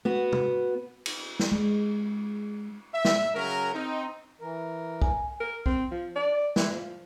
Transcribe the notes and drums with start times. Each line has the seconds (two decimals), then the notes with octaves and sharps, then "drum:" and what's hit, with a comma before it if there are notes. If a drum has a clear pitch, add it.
0.05 B3 F#4
0.32 drum: tom
1.06 drum: cymbal
1.39 drum: snare
1.52 G#3
2.94 E5
3.05 drum: snare
3.35 C#3 F#3 C#4 A#4
3.74 C4 D#4
4.41 E3 A#4
5.02 G#5, drum: kick B1
5.40 A#4
5.66 C4, drum: kick B1
5.91 F3
6.15 D5
6.56 E3, drum: snare
6.71 F3